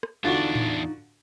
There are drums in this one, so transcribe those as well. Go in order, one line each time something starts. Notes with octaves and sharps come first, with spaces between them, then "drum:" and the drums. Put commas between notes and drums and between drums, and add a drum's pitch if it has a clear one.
drum: rim click
E2 D3 D4 D#4 F4 F#4 F5 A6
drum: tom A2